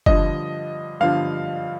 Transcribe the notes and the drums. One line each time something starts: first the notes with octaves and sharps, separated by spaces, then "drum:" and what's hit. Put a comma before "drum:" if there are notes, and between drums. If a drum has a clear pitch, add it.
G2 D3 F3 D#5, drum: kick F#1
G2 D3 F3 F5